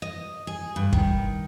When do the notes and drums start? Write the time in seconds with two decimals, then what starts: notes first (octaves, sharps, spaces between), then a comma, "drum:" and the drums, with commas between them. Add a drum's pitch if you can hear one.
0.02 D#5
0.47 G#4
0.76 G2
0.93 D#3, drum: kick